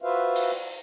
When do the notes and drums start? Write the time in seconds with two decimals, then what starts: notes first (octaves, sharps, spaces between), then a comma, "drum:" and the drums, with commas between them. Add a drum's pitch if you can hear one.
0.02 F4 F#4 B4 C5 E5 F5
0.36 drum: open hi-hat